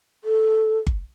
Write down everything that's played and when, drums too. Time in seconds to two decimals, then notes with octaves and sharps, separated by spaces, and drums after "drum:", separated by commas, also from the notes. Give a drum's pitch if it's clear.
0.24 A4
0.87 drum: kick G1